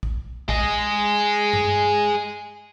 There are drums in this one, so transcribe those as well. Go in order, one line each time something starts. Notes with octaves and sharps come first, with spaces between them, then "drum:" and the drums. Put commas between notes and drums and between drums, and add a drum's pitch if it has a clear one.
drum: kick
G#4 D#5, drum: kick
drum: tom G2